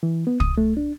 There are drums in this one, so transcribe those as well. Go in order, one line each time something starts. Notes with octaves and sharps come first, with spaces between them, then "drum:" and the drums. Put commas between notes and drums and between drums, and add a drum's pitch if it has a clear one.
E3
B3
D#6, drum: kick
A3
D4